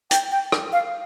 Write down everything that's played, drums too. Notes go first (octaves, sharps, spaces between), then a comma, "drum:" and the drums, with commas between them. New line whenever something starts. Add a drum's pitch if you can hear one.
G5, drum: hi-hat
G5
drum: rim click
F5